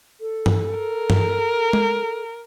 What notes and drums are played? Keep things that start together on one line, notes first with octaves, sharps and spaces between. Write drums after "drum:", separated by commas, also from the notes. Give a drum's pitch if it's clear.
A4
drum: tom G2
A#4
drum: tom G2
drum: tom G#3